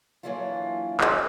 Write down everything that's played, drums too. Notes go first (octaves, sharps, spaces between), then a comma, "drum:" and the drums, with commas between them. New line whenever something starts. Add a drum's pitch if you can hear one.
E3 F#3 A#3 D4 E4 F4
drum: clap